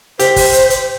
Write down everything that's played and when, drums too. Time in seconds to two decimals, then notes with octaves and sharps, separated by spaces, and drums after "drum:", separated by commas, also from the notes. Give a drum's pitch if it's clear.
0.19 G4 C5, drum: hi-hat
0.36 drum: kick, open hi-hat
0.53 drum: hi-hat
0.70 drum: hi-hat